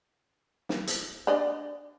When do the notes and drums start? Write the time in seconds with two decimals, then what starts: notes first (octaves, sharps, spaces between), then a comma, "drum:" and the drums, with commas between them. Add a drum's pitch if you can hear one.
0.69 drum: snare
0.87 drum: hi-hat
1.27 D4 D5 D#5